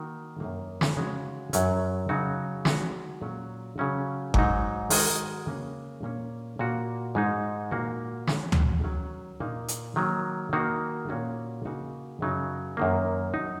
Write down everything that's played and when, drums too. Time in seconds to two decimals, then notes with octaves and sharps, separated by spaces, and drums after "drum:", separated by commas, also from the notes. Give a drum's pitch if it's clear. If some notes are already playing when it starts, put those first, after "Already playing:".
Already playing: D#3 A#3 F#4
0.40 F#2 D#3 A#3
0.81 drum: snare
0.96 C#3 G#3 C#4 F#4
1.53 F#2 F#3 C#4, drum: hi-hat
2.09 C#3 F#3 D#4 F#4
2.65 D#3 G#3 F#4, drum: snare
3.21 A#2 F#3 C#4
3.78 C#3 F#3 C#4 F#4
4.34 G#2 F#3 D#4, drum: kick G1
4.90 D#3 G#3 D#4 F#4, drum: open hi-hat
5.46 C#3 A#3 C#4
6.03 A#2 A#3 C#4
6.59 A#2 A#3 F#4
7.15 G#2 G#3 D#4
7.71 A#2 A#3 F#4
8.27 D#3 G#3 C#4 F#4, drum: snare
8.52 drum: tom D2
8.84 D#3 F#3 C#4
9.40 A#2 A#3 D#4
9.68 drum: hi-hat
9.96 D#3 F#3 A#3
10.53 D#3 A#3 D#4 F#4
11.09 A#2 A#3 C#4 F#4
11.65 C#3 A#3 D#4 F#4
12.21 F#2 C#3 F#3 D#4
12.77 F#2 D#3 A#3
13.34 F#3 D#4